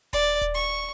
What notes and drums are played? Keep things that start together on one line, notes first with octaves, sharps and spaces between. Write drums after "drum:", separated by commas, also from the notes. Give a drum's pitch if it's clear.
D5, drum: kick D#1, hi-hat
drum: kick D#1, hi-hat
C#6